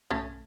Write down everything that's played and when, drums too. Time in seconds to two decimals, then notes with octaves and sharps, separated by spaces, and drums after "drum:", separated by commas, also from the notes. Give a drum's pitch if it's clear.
0.10 A3 C#4, drum: tom B1